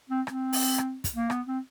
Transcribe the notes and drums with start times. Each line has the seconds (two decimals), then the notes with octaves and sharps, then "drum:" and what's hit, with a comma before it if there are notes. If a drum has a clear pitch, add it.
0.10 C4
0.27 C4, drum: rim click
0.53 drum: open hi-hat
0.78 drum: rim click
1.04 drum: kick, hi-hat
1.16 A#3
1.30 B3, drum: rim click
1.47 C4